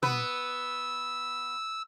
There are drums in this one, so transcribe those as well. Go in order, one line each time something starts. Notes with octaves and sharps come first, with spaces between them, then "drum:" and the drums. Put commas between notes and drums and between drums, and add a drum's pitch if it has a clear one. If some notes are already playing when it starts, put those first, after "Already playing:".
B3 B4 E6, drum: tom